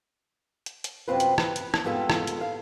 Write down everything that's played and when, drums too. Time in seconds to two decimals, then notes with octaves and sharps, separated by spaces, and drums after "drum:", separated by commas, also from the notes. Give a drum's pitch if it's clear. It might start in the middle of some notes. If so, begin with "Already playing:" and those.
0.66 drum: hi-hat
0.84 drum: hi-hat
1.08 F#2 C3 G3 C4 F4 B4
1.20 drum: hi-hat
1.38 B4, drum: rim click
1.56 drum: hi-hat
1.74 drum: rim click
1.84 F2 G#2 G3 B3 F4 A4
2.10 drum: rim click
2.27 drum: hi-hat
2.41 F5